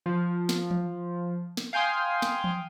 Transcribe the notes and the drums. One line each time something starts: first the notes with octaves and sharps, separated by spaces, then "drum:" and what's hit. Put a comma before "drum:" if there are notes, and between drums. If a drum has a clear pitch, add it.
F3
drum: snare
drum: tom E3
drum: snare
F5 G5 G#5 C6 D#6
drum: snare
drum: tom E3